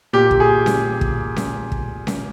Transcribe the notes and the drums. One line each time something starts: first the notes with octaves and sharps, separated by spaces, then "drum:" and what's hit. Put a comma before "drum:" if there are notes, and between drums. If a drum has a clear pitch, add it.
A#2 G4
drum: kick
G#4
drum: snare C#4
drum: kick
drum: snare C#4
drum: kick
drum: snare C#4